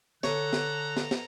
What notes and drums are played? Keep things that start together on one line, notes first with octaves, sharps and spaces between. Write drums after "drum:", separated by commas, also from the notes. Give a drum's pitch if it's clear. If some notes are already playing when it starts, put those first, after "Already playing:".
D3 A4 C#5 A#5 F#6, drum: snare
drum: snare
drum: snare
drum: snare